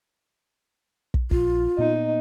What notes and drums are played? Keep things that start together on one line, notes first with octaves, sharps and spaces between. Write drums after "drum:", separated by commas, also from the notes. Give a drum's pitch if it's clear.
drum: kick
A#1 F4, drum: kick
A#2 B3 D#4